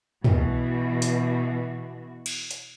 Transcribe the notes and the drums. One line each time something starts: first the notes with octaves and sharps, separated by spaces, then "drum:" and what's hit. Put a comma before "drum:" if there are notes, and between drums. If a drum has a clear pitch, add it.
B2 E3 F#4, drum: tom
drum: hi-hat
drum: cymbal
drum: hi-hat